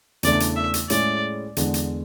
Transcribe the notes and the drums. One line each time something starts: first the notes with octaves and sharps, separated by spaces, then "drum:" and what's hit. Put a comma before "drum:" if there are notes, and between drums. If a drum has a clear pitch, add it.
E2 C#3 E3 A3 D4 D5, drum: hi-hat
drum: hi-hat
E5
drum: hi-hat
A2 G#3 C#4 E4 G#4 D5, drum: hi-hat
E2 D3 G#3 B3, drum: hi-hat
drum: hi-hat